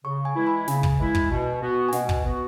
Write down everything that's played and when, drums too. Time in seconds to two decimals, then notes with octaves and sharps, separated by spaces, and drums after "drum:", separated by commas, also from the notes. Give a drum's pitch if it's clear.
0.05 C#3 C#6
0.25 G#5
0.36 E3 G#3 E4
0.47 B5
0.68 C#3 G#5, drum: snare
0.83 drum: kick
0.99 E3 G#3 E4
1.15 drum: kick
1.31 B2
1.62 B3 F#4
1.89 G#5
1.93 B2 F#5, drum: snare
2.09 drum: kick
2.24 B3 F#4